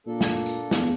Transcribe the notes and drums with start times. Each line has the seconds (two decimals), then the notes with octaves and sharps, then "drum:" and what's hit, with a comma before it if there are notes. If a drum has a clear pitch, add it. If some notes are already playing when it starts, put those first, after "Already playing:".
0.07 A#2 A#3 D4 A4
0.21 drum: snare
0.46 drum: tambourine
0.71 E2, drum: snare